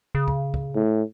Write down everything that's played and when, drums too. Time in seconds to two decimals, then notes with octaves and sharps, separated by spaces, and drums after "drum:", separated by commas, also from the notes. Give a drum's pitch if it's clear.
0.15 C#3
0.28 drum: kick
0.54 drum: kick
0.75 A2